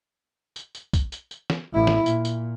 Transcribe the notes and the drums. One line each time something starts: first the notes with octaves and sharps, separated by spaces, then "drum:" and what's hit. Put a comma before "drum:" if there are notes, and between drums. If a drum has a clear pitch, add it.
drum: tambourine
drum: tambourine
drum: kick, tambourine
drum: tambourine
drum: tambourine
drum: snare
A1 E4
drum: snare
A#2, drum: tambourine
drum: tambourine